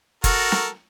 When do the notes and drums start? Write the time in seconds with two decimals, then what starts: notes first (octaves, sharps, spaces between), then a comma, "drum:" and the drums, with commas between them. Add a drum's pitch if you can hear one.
0.24 F#4 A4 A#4, drum: kick, hi-hat
0.52 drum: snare